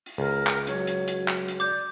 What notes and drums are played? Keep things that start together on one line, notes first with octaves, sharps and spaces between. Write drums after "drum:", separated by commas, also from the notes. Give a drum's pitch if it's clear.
drum: open hi-hat
C#2 A#4
drum: clap
F#3 C#5, drum: hi-hat
drum: hi-hat
drum: hi-hat
drum: clap
drum: hi-hat
D5 D6 G6